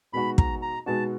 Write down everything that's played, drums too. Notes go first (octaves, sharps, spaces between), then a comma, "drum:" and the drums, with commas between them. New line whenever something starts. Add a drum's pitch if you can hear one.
B2 G#3 B3 D#4 F#4 B5
A#5, drum: kick
A#5
B2 G#3 B3 D#4 F#4 A5